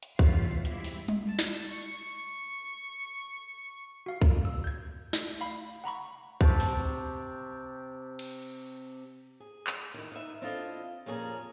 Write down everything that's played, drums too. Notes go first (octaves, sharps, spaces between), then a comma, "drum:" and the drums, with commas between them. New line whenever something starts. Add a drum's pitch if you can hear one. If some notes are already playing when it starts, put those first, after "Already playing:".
drum: hi-hat
E2 E3 F4 C#5 E5 F5, drum: kick
G3 G#3 C4 E4 G4, drum: hi-hat
drum: open hi-hat
drum: tom G3
A5
drum: snare
C#6
F#4 F5
drum: kick
E6
G6 G#6
A3, drum: snare
F5 B5
F#5 A#5 B5 C#6
C3 G4 A5 C#6, drum: kick
drum: open hi-hat
drum: cymbal
G#4
drum: clap
D#3 E4
D#4 B4 E5
C4 D4 E4 F4 A4 D#5
F2 A#2 C#4 G#4 A#5